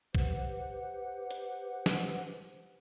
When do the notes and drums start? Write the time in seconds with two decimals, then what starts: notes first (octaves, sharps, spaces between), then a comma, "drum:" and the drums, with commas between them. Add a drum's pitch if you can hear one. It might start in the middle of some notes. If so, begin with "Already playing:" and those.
0.15 G4 B4 C5 F#5, drum: kick A#1
1.31 drum: hi-hat
1.86 drum: snare